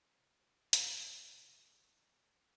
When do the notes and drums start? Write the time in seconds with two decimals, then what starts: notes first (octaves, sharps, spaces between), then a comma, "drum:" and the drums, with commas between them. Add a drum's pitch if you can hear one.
0.16 C3
0.34 A2
0.44 B2
0.73 B2, drum: hi-hat
1.01 C3